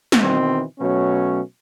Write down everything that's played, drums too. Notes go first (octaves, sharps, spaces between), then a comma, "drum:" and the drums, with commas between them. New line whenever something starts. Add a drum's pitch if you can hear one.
drum: snare
B2 D#3 E3 C4
B2 F#3 A3 C#4